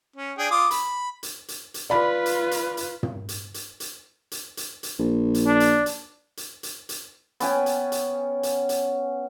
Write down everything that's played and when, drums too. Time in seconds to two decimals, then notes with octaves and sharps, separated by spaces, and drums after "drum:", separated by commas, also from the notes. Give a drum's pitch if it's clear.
0.16 C#4
0.38 D4 G#4 G5
0.51 F4 D6 D#6
0.71 B5, drum: hi-hat
1.23 drum: hi-hat
1.48 drum: hi-hat
1.74 drum: hi-hat
1.90 F4 B4 D5 B5
2.26 drum: hi-hat
2.51 drum: hi-hat
2.77 drum: hi-hat
3.03 drum: tom
3.29 drum: hi-hat
3.54 drum: hi-hat
3.80 drum: hi-hat
4.32 drum: hi-hat
4.57 drum: hi-hat
4.83 drum: hi-hat
4.99 A#1
5.34 drum: hi-hat
5.47 D4
5.60 drum: hi-hat
5.86 drum: hi-hat
6.37 drum: hi-hat
6.63 drum: hi-hat
6.89 drum: hi-hat
7.40 B3 C#4 G5 G#5, drum: hi-hat
7.66 drum: hi-hat
7.92 drum: hi-hat
8.43 drum: hi-hat
8.69 drum: hi-hat